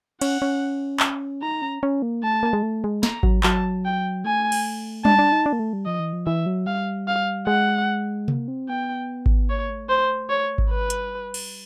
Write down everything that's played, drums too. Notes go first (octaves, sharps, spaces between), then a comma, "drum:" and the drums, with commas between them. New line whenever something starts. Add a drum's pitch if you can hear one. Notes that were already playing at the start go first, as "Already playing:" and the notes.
C#4 F#5, drum: cymbal
C#4
drum: clap
D#4 A#5
C#4
C#4
A#3
A3 A5
A#3
G#3
A3
G#3
A#5, drum: snare
F#3, drum: kick G#1
F#3 A5, drum: clap
G5
A3 G#5
drum: cymbal
D4 A5, drum: tom G3
D4
D#4
D4
A#3
A3
G3
F3 D#5
E3
F3
E3 E5
F#3
G3 F5
F5
G#3 F#5
A#3, drum: tom C3
C4
B3 G5
drum: kick G#1
A#3 C#5
A3
C5
C#5
drum: kick G#1
G3 B4
drum: hi-hat
drum: cymbal